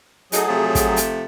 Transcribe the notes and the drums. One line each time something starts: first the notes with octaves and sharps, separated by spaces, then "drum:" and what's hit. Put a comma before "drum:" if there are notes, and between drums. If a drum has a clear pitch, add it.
F#3 A3 D#4 F#4 G#4, drum: hi-hat
C3 F3 A3
drum: kick, hi-hat
drum: hi-hat